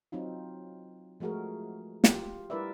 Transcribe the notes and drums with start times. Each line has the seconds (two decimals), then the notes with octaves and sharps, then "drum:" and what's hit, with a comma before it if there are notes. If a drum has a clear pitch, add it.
0.12 F#3 C4 D#4 F4
1.20 F3 G#3 A3 F#4 G#4 A#4
2.04 F4 G4, drum: snare
2.50 G3 E4 A#4 B4 D5 E5